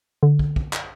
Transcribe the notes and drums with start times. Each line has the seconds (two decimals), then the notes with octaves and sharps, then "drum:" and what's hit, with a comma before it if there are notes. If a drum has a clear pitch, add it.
0.23 D3
0.39 drum: kick
0.56 drum: kick
0.73 drum: clap